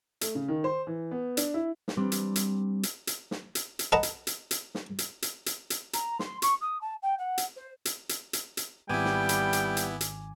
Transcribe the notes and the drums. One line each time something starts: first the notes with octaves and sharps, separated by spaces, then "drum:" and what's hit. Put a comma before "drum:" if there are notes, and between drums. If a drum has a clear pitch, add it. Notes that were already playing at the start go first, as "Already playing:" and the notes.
A3, drum: hi-hat
C#3
D#3
C5
E3
B3
D4, drum: hi-hat
E4
drum: snare
G3 C4 D4
drum: hi-hat
drum: hi-hat
drum: hi-hat
drum: hi-hat
drum: snare
drum: hi-hat
drum: hi-hat
A4 B4 D#5 F#5 A5 A#5
drum: hi-hat
drum: hi-hat
drum: hi-hat
drum: snare
drum: hi-hat
drum: hi-hat
drum: hi-hat
drum: hi-hat
A#5, drum: hi-hat
C6, drum: snare
C#6, drum: hi-hat
D#6
A5
G5
F#5
drum: hi-hat
C5
drum: hi-hat
drum: hi-hat
drum: hi-hat
drum: hi-hat
G#1 G3 B3 E4 G5 G#5 D6
drum: snare
drum: hi-hat
drum: hi-hat
drum: hi-hat
drum: hi-hat